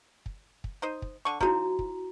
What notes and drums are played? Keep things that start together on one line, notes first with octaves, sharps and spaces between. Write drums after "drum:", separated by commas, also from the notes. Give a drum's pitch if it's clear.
drum: kick
drum: kick
D#4 C5 D#5
drum: kick
D3 C#6
F3 D#4 E4 F#4 A#5, drum: kick
drum: kick